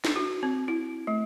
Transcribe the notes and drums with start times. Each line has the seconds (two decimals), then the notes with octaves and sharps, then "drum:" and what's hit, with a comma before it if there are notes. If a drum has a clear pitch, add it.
0.05 drum: snare
0.16 F#4
0.43 C4
0.68 E4
1.07 A3